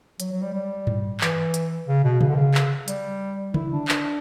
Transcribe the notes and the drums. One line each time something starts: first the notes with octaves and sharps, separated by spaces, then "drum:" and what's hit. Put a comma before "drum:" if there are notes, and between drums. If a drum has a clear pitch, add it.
F#3, drum: hi-hat
F#3
G3
G3
drum: tom G2
E3, drum: clap
drum: hi-hat
C#3
B2
C#3, drum: tom C#3
D3
C#3
drum: clap
G3, drum: hi-hat
E4, drum: tom C#3
D4
D4, drum: clap